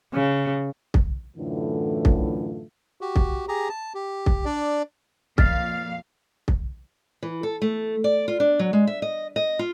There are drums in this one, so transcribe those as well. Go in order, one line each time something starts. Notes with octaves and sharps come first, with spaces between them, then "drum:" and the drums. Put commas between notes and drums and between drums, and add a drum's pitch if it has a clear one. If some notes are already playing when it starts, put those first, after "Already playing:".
C#3
drum: kick
F#2 A2 D3 E3 A3 F4
drum: kick
F#4 G4
drum: kick
G4 G#4 A#5
A5
G4
drum: kick
D4 D5
F2 A#2 F5 F6 A6, drum: kick
drum: kick
E3
A4
A3
D5
F4
D4
F#3
G#3
E5
D#5
D#5
F4